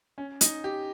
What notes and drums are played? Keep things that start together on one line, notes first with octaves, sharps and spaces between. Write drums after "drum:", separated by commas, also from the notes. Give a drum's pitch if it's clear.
C#4
D#4, drum: hi-hat
G4